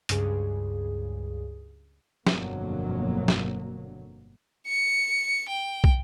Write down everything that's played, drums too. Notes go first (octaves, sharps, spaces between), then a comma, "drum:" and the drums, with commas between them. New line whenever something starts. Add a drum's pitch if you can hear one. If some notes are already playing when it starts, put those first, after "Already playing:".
C#2 G2 C#3 G#4, drum: hi-hat
G1 F2 B2 D3 F#3 A#3, drum: snare
drum: snare
C#7
G5
drum: kick